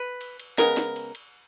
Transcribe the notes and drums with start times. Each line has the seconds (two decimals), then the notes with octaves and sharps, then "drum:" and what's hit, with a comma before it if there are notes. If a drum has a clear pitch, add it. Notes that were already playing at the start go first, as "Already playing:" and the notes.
Already playing: B4
0.21 drum: cymbal
0.40 drum: cymbal
0.58 C#3 G#3 B3 A#4, drum: snare
0.77 drum: snare
0.96 drum: cymbal
1.15 drum: cymbal